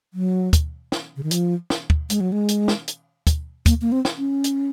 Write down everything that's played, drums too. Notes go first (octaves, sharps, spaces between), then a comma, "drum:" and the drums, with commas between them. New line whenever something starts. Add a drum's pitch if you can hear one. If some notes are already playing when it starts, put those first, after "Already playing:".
F#3
drum: kick, hi-hat
drum: snare
C#3
D#3
F3, drum: hi-hat
drum: snare
drum: kick
G#3, drum: hi-hat
F#3
G#3
drum: hi-hat
drum: snare
drum: hi-hat
drum: kick, hi-hat
A#3, drum: kick, hi-hat
A#3
C4
drum: snare
C#4
drum: hi-hat